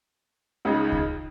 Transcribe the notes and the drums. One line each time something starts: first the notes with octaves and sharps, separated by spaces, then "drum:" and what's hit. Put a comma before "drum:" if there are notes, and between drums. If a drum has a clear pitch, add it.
C#2 C#3 G#3 D#4
drum: kick D2